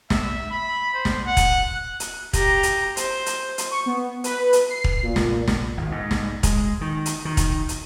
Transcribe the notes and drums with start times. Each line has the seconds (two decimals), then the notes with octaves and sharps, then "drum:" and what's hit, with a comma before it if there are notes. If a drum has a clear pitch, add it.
0.10 E5, drum: snare
0.51 B5
0.94 C5
1.05 drum: snare
1.26 F#5
1.37 drum: kick, hi-hat
1.75 F#6
2.00 drum: hi-hat
2.33 G4 A#5, drum: kick, hi-hat
2.63 drum: hi-hat
2.97 C5, drum: hi-hat
3.26 drum: hi-hat
3.58 drum: hi-hat
3.71 C#6
3.86 B3
4.24 B4, drum: hi-hat
4.53 drum: hi-hat
4.70 C7
4.84 drum: kick
5.03 A#2
5.16 drum: snare
5.48 drum: snare
5.77 G#1
5.92 G#2
6.11 drum: snare
6.43 G#3, drum: kick, hi-hat
6.81 D#3
7.06 drum: hi-hat
7.25 D#3
7.37 drum: kick, hi-hat
7.69 drum: hi-hat